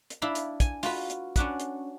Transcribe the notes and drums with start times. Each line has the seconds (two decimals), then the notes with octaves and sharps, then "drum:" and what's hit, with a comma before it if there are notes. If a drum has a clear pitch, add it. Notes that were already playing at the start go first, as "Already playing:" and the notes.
0.10 drum: hi-hat
0.22 D4 E4 F5 B5
0.35 drum: hi-hat
0.60 G#5, drum: kick, hi-hat
0.83 F4 F#4 B4, drum: open hi-hat
1.10 drum: hi-hat
1.36 C#4 D4 F#4 B4, drum: kick, hi-hat
1.60 drum: hi-hat